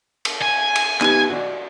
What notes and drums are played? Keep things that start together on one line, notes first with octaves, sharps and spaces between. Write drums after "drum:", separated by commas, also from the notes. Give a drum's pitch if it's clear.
drum: cymbal
G#5
drum: cymbal
B3 D#4 G4, drum: clap
F#4 D5 D#5